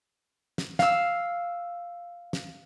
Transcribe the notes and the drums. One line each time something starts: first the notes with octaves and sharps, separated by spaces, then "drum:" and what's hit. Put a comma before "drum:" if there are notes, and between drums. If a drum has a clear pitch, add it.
drum: snare
F5 E6, drum: snare
drum: snare